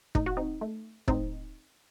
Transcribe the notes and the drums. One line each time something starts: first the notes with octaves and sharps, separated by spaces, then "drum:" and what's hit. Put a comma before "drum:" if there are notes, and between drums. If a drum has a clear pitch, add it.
A2 D#4, drum: kick
F#4
C4 D#4
A3
A2 C4 D#4, drum: kick